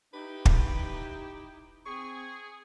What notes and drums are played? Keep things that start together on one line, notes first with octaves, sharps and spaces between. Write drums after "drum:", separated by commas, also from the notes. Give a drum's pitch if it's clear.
D#4 E4 G4 B4
drum: kick
C4 G#4 C#6